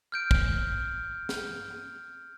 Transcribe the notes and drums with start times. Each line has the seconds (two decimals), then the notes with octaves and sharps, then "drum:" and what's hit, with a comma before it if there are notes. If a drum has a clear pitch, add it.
0.12 F6 G6 D7
0.31 drum: kick
1.29 drum: snare